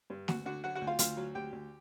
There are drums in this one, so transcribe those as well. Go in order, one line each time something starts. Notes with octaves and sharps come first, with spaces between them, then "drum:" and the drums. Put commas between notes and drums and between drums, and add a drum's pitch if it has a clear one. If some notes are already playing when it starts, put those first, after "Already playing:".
G2
D2 F#4 F#5, drum: snare
D3 F#4 F#5
F#3 F#4 F#5
F#4 F#5
D2
F4 F5
D2 F4 F5, drum: hi-hat
F#3
D2 G4 G5
D2